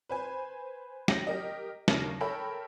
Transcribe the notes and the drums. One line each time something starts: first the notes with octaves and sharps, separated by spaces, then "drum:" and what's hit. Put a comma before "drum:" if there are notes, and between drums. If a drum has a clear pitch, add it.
B4 C5 G#5
G5 A#6 F#7, drum: snare
G4 A#4 D#5
D#2 C#3 A#4 A#6 F#7, drum: snare
A4 A#4 C#5 E5 G5 B5